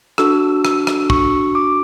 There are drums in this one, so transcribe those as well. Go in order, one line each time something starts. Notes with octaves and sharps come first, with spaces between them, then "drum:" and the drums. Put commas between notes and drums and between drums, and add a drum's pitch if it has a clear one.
D4 F#4 A4 E6, drum: rim click
E6, drum: rim click
drum: rim click
C#6, drum: kick
D6